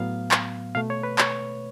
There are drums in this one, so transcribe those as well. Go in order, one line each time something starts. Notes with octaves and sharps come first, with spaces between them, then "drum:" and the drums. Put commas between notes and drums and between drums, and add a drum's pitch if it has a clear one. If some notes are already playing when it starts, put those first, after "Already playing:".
Already playing: A2 F#3 B3 F5
drum: clap
B2 A3 F5
C#5
B4
C#5, drum: clap